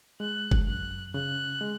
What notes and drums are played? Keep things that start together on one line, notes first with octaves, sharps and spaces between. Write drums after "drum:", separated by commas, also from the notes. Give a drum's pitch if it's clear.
G#3 F#6
drum: kick F#1
F#2 F#6
C#3 F#6
G#3